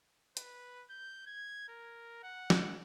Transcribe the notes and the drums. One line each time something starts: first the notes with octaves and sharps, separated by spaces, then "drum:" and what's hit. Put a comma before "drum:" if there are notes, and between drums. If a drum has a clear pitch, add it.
B4, drum: hi-hat
G6
G#6
A#4
F#5
drum: snare